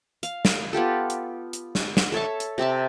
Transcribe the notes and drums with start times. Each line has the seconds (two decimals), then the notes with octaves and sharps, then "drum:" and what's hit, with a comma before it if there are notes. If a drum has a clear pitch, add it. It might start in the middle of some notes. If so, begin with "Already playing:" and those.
0.23 F5, drum: hi-hat
0.45 drum: snare
0.73 B3 F4 G4 A4
1.10 drum: hi-hat
1.53 drum: hi-hat
1.75 drum: snare
1.97 drum: snare
2.12 A4 C#5 E5 A5
2.40 drum: hi-hat
2.58 C3 C4 E5 A5